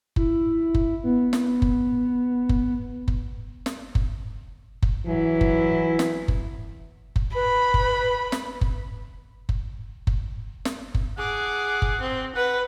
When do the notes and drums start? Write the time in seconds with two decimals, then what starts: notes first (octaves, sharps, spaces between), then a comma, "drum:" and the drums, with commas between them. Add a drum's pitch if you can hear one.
0.16 E4, drum: kick F#1
0.74 drum: kick F#1
1.04 B3
1.33 drum: snare
1.62 drum: kick F#1
2.49 drum: kick F#1
3.08 drum: kick F#1
3.66 drum: snare
3.95 drum: kick F#1
4.82 drum: kick F#1
5.07 E3 F#3 E4
5.41 drum: kick F#1
5.99 drum: snare
6.28 drum: kick F#1
7.16 drum: kick F#1
7.35 B4 B5
7.74 drum: kick F#1
8.32 drum: snare
8.61 drum: kick F#1
9.49 drum: kick F#1
10.07 drum: kick F#1
10.65 drum: snare
10.94 drum: kick F#1
11.18 G#4 F#5 D6
11.82 drum: kick F#1
12.01 C4
12.36 B4 F#5